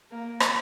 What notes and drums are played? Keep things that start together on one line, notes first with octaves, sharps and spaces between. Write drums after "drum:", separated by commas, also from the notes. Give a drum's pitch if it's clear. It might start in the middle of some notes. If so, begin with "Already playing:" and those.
A#3
drum: rim click